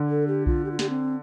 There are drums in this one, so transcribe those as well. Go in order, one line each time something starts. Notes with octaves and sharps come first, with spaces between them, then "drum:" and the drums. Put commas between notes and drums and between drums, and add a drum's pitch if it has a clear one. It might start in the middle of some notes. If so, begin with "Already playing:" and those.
Already playing: D3
A4
G4
F4, drum: kick B1
G4
F4
G4, drum: snare
C4